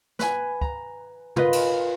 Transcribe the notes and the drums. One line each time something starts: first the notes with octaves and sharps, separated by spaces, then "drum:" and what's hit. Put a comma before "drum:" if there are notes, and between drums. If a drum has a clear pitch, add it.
B4 G#5, drum: snare
A#5, drum: kick
F4 A#4 B4 D#5, drum: tom
drum: cymbal